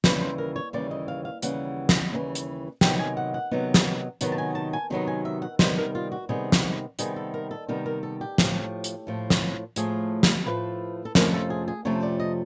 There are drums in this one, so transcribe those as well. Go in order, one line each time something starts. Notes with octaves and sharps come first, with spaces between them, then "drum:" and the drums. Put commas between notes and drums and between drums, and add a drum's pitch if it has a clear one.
D#2 C#3 E3 G3 B4, drum: snare
C5
A#4
C#5
D#2 C#3 E3 G3 D5
D#5
F5
F5
D#2 C#3 E3 G3 F#5, drum: hi-hat
drum: snare
D#2 C#3 E3 G3
drum: hi-hat
C3 D#3 F#3 B3 D#4 G5, drum: snare
G#5
F#5
F#5
C3 D#3 F#3 B3 D#4
drum: snare
C3 D#3 F#3 B3 D#4 F#5, drum: hi-hat
A5
G#5
A5
G#5
C3 D#3 F#3 B3 D#4
G#5
E5
F#5
C3 D#3 G3 B3 D#4 C5, drum: snare
A#4
F4
F#4
C3 D#3 G3 B3 D#4 G#4
drum: snare
C3 D#3 G3 B3 D#4 G#4, drum: hi-hat
A4
A#4
A4
C3 D#3 G3 B3 D#4 A#4
A#4
A4
G4
A2 F3 A3, drum: snare
drum: hi-hat
A2 F3 A3
drum: snare
A2 F3 A3 G#4, drum: hi-hat
drum: snare
A2 F3 A3 B4
A4
F2 C3 F3 A3 C#4 A#4, drum: snare
A4
G#4
G#4
F2 C3 F3 A3 C#4 C#5
D5
D#5